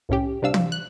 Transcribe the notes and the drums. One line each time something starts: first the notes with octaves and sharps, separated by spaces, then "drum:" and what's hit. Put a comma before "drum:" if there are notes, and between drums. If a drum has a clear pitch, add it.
C2 A2 C#4 G4
C3 G3 D4 F5 E6
drum: tom
F#6